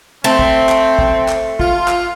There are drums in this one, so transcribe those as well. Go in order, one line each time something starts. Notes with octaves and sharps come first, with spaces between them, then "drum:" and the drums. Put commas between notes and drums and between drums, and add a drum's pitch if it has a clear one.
A3 C4
drum: kick
drum: clap
drum: kick
drum: clap
F4, drum: kick
drum: clap